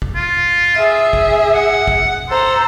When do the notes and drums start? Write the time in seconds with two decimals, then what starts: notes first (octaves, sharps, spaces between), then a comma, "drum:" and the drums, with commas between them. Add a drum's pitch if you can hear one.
0.02 drum: kick G#1
0.15 F4
0.76 G#4 E5
1.13 drum: kick G#1
1.55 F#5
1.88 drum: kick G#1
2.29 A4 C5 A#5